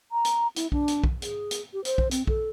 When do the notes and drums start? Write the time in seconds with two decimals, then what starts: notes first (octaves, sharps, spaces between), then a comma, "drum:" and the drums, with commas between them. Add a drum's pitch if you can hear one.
0.12 A#5
0.25 drum: hi-hat
0.56 E4, drum: hi-hat
0.72 D4, drum: kick
0.88 drum: hi-hat
1.04 drum: kick
1.22 G#4, drum: hi-hat
1.51 drum: hi-hat
1.73 G4
1.85 C5, drum: hi-hat
1.98 drum: kick
2.11 C4, drum: hi-hat
2.27 A4, drum: kick